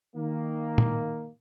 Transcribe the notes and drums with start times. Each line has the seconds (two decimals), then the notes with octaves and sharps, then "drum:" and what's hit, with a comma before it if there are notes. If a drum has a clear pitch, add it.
0.16 D#3 A#3
0.78 drum: tom A#2